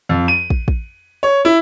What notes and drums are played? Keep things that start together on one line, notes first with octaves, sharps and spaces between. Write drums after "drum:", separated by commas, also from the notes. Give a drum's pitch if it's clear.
F2
D#7
drum: kick
drum: kick
C#5
E4